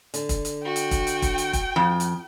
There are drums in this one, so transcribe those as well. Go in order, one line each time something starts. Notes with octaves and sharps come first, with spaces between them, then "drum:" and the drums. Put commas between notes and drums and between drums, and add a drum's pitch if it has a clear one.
D3, drum: hi-hat
drum: kick, hi-hat
drum: hi-hat
F#4 G5
drum: hi-hat
drum: kick, hi-hat
drum: hi-hat
drum: kick, hi-hat
drum: hi-hat
drum: kick, hi-hat
F2 F4
drum: hi-hat